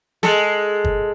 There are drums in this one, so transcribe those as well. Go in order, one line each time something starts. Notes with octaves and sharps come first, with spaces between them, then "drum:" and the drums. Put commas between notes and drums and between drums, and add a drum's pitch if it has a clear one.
G#3 A4, drum: snare
drum: kick